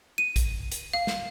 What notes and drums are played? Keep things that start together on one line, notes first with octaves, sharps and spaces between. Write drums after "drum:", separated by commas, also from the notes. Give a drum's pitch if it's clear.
D#7
drum: kick A#1, hi-hat
drum: hi-hat
F5
drum: snare